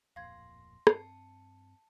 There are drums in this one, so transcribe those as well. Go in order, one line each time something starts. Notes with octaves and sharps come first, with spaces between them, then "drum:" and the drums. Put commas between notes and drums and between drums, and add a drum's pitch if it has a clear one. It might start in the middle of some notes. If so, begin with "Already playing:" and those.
D1 F2 A#2 F5 C6 G#6 A#6
G2 C4 A5 C7 C#7, drum: rim click